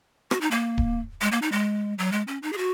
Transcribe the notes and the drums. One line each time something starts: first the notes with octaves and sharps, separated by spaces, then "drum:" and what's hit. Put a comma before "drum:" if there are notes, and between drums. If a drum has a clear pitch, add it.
F#4, drum: rim click
D#4
A#3
drum: kick D1
G#3
A#3
D#4
G#3
F#3
G#3
C#4
D#4
G#4
F#4